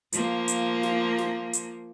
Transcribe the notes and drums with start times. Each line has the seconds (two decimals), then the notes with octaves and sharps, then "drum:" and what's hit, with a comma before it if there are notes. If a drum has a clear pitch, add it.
0.13 F3 A#3, drum: hi-hat
0.48 drum: hi-hat
0.83 drum: snare
1.18 drum: snare
1.54 drum: hi-hat